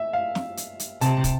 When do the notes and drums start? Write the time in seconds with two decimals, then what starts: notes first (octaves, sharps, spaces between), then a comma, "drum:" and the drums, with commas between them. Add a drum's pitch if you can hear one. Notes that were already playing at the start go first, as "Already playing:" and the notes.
Already playing: E5
0.13 F5
0.35 drum: snare
0.57 drum: hi-hat
0.80 drum: hi-hat
1.01 C3 A5, drum: hi-hat
1.24 drum: kick, hi-hat